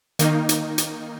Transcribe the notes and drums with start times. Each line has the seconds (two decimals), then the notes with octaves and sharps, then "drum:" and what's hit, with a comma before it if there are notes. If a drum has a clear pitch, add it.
0.19 D#3 A#3 D#4, drum: hi-hat
0.49 drum: hi-hat
0.78 drum: hi-hat